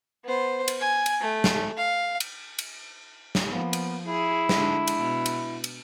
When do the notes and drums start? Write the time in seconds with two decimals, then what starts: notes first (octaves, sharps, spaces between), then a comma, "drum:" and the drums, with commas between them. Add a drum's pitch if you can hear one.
0.24 B3 C5
0.68 drum: cymbal
0.80 G#5
1.06 drum: cymbal
1.21 A3
1.44 drum: snare
1.77 F5
2.20 drum: cymbal
2.59 drum: cymbal
3.35 drum: snare
3.50 F3 A#3 B3
3.73 drum: cymbal
4.07 E4 G#4
4.49 D3 G#3 D4, drum: snare
4.88 drum: cymbal
4.97 B2
5.26 drum: cymbal
5.64 drum: cymbal